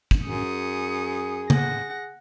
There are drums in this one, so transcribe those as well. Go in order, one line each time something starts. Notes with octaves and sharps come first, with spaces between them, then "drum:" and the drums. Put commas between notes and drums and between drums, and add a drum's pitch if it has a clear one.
drum: kick
F#2 G#4 D#6 C#7
F#5 A#6, drum: tom C#3